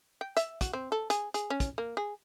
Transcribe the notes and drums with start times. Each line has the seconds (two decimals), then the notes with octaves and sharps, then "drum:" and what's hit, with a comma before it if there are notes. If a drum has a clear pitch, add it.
0.21 G5
0.37 E5, drum: hi-hat
0.61 F#4, drum: kick, hi-hat
0.73 C4
0.92 A4
1.10 G#4, drum: hi-hat
1.34 G#4, drum: hi-hat
1.50 C#4
1.60 drum: kick, hi-hat
1.78 A#3
1.97 G#4